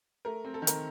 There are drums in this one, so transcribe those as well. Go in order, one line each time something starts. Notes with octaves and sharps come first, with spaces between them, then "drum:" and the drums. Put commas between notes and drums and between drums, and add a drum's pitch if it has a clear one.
A3 A#4
C4
A4
D#3
A#4, drum: hi-hat